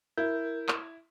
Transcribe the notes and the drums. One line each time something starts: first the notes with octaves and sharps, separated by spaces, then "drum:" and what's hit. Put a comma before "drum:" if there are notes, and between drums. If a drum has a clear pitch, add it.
E4 A#4 G6
drum: clap